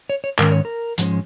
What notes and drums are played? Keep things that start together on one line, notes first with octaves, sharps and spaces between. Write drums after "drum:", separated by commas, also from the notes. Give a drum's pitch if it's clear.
C#5
C#5
G#2 D#3 C#4 A#4, drum: clap
C#5
A#4
G#2 F3 G#3 C#4, drum: hi-hat